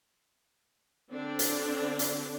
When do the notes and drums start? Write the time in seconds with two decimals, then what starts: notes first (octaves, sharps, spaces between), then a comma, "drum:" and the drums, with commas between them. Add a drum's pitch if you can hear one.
1.11 D3 C4 D4 D5
1.39 drum: hi-hat
1.99 drum: hi-hat